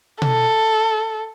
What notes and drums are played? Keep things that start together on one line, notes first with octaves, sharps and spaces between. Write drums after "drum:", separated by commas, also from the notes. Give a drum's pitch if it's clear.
A4, drum: tom B2